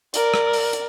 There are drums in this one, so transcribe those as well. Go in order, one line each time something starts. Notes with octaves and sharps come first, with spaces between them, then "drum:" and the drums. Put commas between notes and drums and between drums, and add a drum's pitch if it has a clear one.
A#4 D5, drum: hi-hat
drum: rim click
drum: open hi-hat
drum: hi-hat